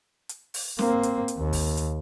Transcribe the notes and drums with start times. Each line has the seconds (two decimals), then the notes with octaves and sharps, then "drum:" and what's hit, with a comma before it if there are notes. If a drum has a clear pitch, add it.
0.29 drum: hi-hat
0.54 drum: open hi-hat
0.79 A#3 C4, drum: snare
1.03 drum: hi-hat
1.28 drum: hi-hat
1.38 D#2
1.53 drum: kick, open hi-hat
1.77 drum: hi-hat